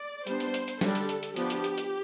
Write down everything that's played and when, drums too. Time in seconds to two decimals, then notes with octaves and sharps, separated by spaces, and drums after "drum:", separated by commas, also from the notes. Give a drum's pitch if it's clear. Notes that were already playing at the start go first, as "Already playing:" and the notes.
Already playing: D5
0.27 G3 B3 D4 C5, drum: hi-hat
0.40 drum: hi-hat
0.54 drum: hi-hat
0.68 drum: hi-hat
0.81 D3 G3 D4 A4, drum: snare
0.95 drum: hi-hat
1.09 drum: hi-hat
1.23 drum: hi-hat
1.36 F3 B3 D4 G4, drum: hi-hat
1.50 drum: hi-hat
1.64 drum: hi-hat
1.78 drum: hi-hat